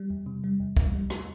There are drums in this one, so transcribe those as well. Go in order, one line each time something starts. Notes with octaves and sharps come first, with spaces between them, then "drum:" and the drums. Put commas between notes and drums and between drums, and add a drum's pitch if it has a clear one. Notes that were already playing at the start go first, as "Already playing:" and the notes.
Already playing: G3
E2
C3
G3
E2
E2, drum: kick
G3
drum: rim click